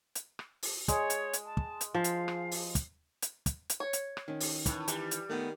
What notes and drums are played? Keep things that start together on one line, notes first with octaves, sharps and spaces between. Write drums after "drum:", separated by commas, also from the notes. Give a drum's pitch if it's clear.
drum: hi-hat
drum: rim click
drum: open hi-hat
G#3 C#5, drum: kick, hi-hat
drum: hi-hat
drum: hi-hat
A5
drum: kick
drum: hi-hat
F3 F5
drum: hi-hat
drum: rim click
drum: open hi-hat
drum: kick, hi-hat
drum: hi-hat
drum: kick, hi-hat
drum: hi-hat
C#5
drum: hi-hat
drum: rim click
D#3 C#4
drum: open hi-hat
A2 E3, drum: kick, hi-hat
E3 G3, drum: hi-hat
drum: hi-hat
D#3 A3 B3